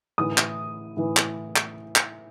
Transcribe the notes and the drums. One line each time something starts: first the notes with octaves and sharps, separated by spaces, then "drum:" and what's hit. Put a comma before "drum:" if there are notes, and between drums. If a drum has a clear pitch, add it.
A2 E3 D#6
drum: clap
A2 E3
drum: clap
drum: clap
drum: clap